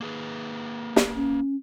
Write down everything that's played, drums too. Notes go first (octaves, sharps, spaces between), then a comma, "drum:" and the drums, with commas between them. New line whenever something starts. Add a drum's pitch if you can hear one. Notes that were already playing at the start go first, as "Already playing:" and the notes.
A#3 G#4 B4
drum: snare
C#4